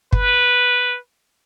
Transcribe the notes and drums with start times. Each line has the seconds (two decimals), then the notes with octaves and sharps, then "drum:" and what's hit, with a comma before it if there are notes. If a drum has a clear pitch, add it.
0.13 B4, drum: kick